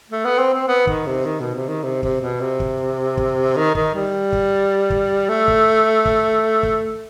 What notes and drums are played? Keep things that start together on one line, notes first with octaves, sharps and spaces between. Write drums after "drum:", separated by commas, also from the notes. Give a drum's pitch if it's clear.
A3
B3
C4
C4
B3
D#3, drum: kick
C3
D#3
B2
C3
D#3
C3
C3, drum: kick
B2
C3
drum: kick
drum: kick
D#3
D#3, drum: kick
G3
drum: kick
drum: kick
A3
drum: kick
drum: kick
drum: kick